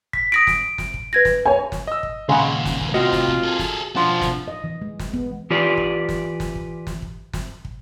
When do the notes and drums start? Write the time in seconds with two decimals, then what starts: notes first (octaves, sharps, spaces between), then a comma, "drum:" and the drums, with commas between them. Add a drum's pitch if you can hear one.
0.13 B6, drum: kick
0.32 D#6 A#6 B6 D7
0.47 drum: snare
0.78 drum: snare
0.94 drum: kick
1.13 B4 G#6 A#6
1.25 drum: snare
1.46 C#5 G#5
1.72 drum: snare
1.87 D#5 E6
2.03 drum: kick
2.29 D#2 A#2 C#3 G#3 F#5 G#5 C6
2.65 drum: snare
2.81 drum: kick
2.94 A2 C3 C4 F4 F#4 D#5
3.12 drum: snare
3.28 drum: kick
3.44 G#4 A4
3.59 drum: snare
3.96 B2 F3 D4 F#5 C6
4.21 drum: snare
4.48 D#5
4.64 E3
4.82 G#3
4.99 drum: snare
5.14 B3, drum: kick
5.50 E3 F4 G4 B4 D5
5.77 drum: kick
6.09 drum: snare
6.40 drum: snare
6.55 drum: kick
6.87 drum: snare
7.02 drum: kick
7.33 drum: snare
7.65 drum: kick